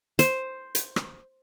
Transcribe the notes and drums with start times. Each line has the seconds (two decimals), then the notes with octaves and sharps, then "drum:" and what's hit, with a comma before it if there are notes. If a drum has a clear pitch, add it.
0.19 C5, drum: hi-hat
0.75 drum: hi-hat
0.96 drum: rim click